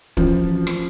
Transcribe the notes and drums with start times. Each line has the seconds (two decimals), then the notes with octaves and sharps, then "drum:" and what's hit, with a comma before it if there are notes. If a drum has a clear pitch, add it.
0.17 F3, drum: kick
0.67 drum: rim click